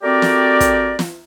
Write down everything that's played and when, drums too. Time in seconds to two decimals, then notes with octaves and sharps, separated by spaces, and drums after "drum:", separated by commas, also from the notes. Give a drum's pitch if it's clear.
0.03 A3 C4 F#4 G4 A#4 D5
0.22 drum: snare
0.60 drum: kick, hi-hat
0.99 drum: snare